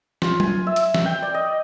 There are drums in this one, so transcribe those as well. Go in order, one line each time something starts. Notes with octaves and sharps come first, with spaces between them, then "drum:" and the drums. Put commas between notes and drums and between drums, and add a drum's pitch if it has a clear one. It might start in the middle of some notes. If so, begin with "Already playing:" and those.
F4, drum: snare
G#5, drum: tom F#3
E5
drum: hi-hat
drum: snare
G5
D5
D#5